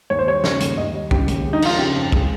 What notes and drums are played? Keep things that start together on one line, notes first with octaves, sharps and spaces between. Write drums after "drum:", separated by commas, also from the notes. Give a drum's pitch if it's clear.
D#2 C#5
C5
G3 C#5
C#3, drum: snare
D#2, drum: hi-hat
D#2 D#5
G3
C#3 G4, drum: kick A#1
D#2, drum: hi-hat
G#3
D#4
F3 F4, drum: cymbal
C#3 G4
F2
G#3, drum: kick A#1